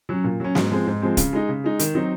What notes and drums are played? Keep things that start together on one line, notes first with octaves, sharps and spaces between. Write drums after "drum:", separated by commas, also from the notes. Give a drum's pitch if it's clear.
F#3 C#4
A#2
F#3 C#4
G#2, drum: snare
F3 G#3 C4
G#2
F3 G#3 C4
C#3, drum: kick, hi-hat
G#3 D#4
C#3
G#3 D#4
D#3, drum: hi-hat
F#3 C4 D#4